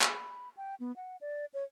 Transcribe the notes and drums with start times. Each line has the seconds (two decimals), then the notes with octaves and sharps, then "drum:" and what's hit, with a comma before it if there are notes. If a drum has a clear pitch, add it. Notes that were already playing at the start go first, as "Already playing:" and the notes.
0.01 B5, drum: clap
0.57 G5
0.80 B3
0.96 F#5
1.21 D5
1.54 C#5